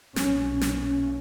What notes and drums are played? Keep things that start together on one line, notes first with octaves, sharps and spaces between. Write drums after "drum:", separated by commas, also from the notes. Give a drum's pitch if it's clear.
B1 A#2 C#4, drum: snare
C#4, drum: snare